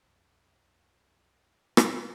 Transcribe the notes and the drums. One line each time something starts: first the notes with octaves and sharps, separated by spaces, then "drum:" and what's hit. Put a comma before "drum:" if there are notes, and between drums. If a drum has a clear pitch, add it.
B1 F2
drum: rim click